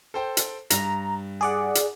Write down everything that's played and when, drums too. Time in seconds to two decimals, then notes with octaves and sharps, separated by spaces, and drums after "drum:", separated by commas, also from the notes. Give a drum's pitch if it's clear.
0.14 A4 C5 G5
0.37 drum: hi-hat
0.70 G2 A#5, drum: hi-hat
1.41 G#4 D5 F#5
1.75 drum: hi-hat